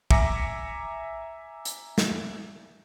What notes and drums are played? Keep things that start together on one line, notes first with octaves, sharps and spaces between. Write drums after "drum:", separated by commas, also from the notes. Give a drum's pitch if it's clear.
E5 G#5 A#5 D6 A#6 C#7, drum: kick
drum: hi-hat
drum: snare